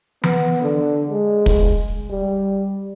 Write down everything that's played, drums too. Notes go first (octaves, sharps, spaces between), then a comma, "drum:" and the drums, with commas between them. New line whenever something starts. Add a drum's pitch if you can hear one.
B3, drum: tom E3
D3
G#3
drum: kick
G3